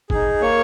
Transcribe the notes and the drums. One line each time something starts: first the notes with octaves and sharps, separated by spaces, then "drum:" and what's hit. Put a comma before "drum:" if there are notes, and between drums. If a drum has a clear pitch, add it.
D#4 G#4, drum: kick
A#3 C#5